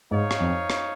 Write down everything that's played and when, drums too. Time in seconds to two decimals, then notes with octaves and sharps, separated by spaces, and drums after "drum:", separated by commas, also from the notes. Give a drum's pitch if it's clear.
0.11 G#2 D#4 C#5 F5
0.31 drum: rim click
0.40 F2
0.70 drum: rim click